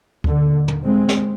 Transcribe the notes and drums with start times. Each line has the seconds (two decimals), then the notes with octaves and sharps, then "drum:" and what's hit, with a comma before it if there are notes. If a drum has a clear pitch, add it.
0.24 D#2 D3, drum: kick D2
0.68 drum: tom
0.85 G#3 C4
1.08 drum: snare